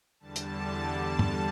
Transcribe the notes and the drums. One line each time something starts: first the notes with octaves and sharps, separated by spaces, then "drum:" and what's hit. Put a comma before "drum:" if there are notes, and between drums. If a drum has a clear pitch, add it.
E2 D3 G3 A5
drum: hi-hat
drum: tom